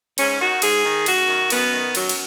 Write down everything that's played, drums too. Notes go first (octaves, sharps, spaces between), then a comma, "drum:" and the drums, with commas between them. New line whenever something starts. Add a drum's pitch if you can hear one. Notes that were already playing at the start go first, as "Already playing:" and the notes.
G#2 C#4, drum: cymbal
D#3 F#4
G#2 G#4, drum: cymbal
D#3
F#2 F#4, drum: cymbal
D#3
F#2 B3, drum: cymbal
D#3
F#2 F#3, drum: cymbal
drum: cymbal